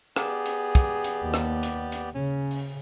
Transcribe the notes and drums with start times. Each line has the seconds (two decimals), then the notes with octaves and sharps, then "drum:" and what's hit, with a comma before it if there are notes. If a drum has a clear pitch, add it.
0.16 B3 G4 G#4 D5, drum: rim click
0.46 drum: hi-hat
0.75 drum: kick, hi-hat
1.04 drum: hi-hat
1.22 D#2
1.34 drum: rim click
1.63 drum: hi-hat
1.92 drum: hi-hat
2.15 C#3 C#4
2.51 drum: open hi-hat